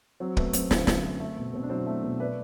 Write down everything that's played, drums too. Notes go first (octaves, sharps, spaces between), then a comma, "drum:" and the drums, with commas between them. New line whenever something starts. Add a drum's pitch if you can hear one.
F#3 C4
A3 B3, drum: kick
F#2 C4, drum: hi-hat
D3, drum: snare
F#3, drum: snare
A3
A3
B2
B2 C4
D4
F#3 C4 E4
A3
B2
A3 B4 D5